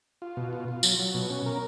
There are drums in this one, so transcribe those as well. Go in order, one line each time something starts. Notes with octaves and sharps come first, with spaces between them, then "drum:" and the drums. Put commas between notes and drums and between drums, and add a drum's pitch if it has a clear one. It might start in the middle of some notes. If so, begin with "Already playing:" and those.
F4
B2
F4
F4
F#3, drum: tambourine
F#3
B2
C#4
A#4